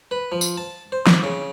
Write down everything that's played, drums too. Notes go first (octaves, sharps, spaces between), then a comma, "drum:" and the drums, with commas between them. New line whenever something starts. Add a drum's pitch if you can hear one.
B4
F3
drum: tambourine
A5
C5
D5, drum: snare
C#3